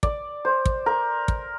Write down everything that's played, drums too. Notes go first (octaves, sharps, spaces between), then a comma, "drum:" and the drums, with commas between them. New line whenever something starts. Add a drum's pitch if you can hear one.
D5, drum: kick
C5
drum: kick
A#4
drum: kick